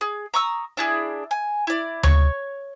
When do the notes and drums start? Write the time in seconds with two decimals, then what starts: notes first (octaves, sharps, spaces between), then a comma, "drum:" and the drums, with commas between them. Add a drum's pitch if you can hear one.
0.01 G#4
0.34 A#5 C#6 D#6 E6
0.77 D4 E4 G#4
1.31 G#5
1.67 E4 D5
2.03 C#5 C#6, drum: tom D2